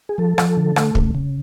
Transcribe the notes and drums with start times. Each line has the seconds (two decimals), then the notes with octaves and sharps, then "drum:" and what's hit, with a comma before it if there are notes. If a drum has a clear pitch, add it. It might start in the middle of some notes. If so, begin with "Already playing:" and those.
0.09 G#4
0.18 F3 A4
0.38 F3, drum: rim click
0.57 D3
0.76 A3, drum: rim click
0.95 C#3, drum: kick
1.15 C#3